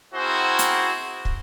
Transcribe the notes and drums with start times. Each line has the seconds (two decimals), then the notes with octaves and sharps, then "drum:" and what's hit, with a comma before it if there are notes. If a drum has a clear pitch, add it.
0.14 C4 E4 F#4 G#4 A#4 C5
0.59 drum: hi-hat
1.25 drum: kick